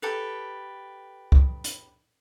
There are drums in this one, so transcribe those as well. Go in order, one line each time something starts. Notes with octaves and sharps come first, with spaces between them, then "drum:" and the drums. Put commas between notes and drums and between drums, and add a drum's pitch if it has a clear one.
G4 A4 B4
drum: kick
drum: hi-hat